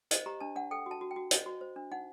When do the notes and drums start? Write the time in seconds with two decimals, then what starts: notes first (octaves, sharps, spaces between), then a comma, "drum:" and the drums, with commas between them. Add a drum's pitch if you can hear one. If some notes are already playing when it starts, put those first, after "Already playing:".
0.11 C5 D#5, drum: hi-hat
0.26 G4 A#5
0.40 D4 A5
0.56 D4 F#5
0.71 A4 G5
0.86 F#4 A5
1.01 F#4
1.11 G5
1.16 F#4
1.31 C5 D#5, drum: hi-hat
1.46 F#4
1.61 C5
1.76 D4
1.92 D#4 F#5